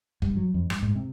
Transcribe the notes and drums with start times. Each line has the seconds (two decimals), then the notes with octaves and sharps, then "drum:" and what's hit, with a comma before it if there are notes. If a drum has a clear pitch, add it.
0.22 G2, drum: kick
0.36 F#3
0.54 F2
0.70 G2, drum: rim click
0.83 G#2
0.96 C3